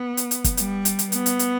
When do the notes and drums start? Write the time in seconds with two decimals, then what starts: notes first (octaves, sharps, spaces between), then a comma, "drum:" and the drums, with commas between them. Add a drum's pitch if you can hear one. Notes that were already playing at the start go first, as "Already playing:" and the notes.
Already playing: B3
0.17 drum: hi-hat
0.31 drum: hi-hat
0.44 drum: kick, hi-hat
0.57 G3, drum: hi-hat
0.85 drum: hi-hat
0.99 drum: hi-hat
1.12 B3, drum: hi-hat
1.26 drum: hi-hat
1.39 drum: hi-hat